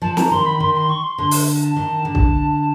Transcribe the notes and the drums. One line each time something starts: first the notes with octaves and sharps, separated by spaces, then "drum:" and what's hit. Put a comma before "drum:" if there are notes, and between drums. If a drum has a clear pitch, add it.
F3 A5
A#5, drum: snare
D#3 C6
B5
D#3 C6
C6
C#6
C6
D3 C6
drum: open hi-hat
A5
D#3
D3
drum: kick